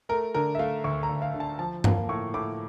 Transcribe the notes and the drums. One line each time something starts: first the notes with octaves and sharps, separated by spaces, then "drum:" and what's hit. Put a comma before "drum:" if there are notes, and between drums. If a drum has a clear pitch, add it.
A3 A#4
D3 A#4
E5
A3 F5
D2 C#6
A#5
D2
F5
D3
A5
F3 A5
A#3, drum: tom G2
A2 C#6
A2 D6